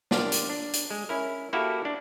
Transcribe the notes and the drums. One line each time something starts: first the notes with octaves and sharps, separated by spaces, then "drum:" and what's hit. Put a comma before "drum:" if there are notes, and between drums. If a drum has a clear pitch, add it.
D4 F4 G4 A#4, drum: snare
drum: hi-hat
D4
drum: hi-hat
G#3
C#4 E4 A#4
A#3 E4 F#4 G4 A4 A#4
D4